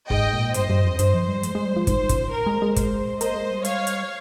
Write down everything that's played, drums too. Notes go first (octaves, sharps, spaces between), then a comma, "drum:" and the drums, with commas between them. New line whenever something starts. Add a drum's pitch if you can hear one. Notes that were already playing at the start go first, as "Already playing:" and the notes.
G#2 D#5 G5, drum: kick
A#2
G2 C5 D#5, drum: hi-hat
G2
F2
G2 C5, drum: hi-hat
F3
G3
G#3, drum: hi-hat
G#3
G3
F3
D#3 C5, drum: kick, hi-hat
C#3, drum: kick, hi-hat
A#4
G#3
G#3
C5, drum: kick, hi-hat
A#3 C5 D#5, drum: hi-hat
G#3
G3
C#5 F5, drum: hi-hat
drum: hi-hat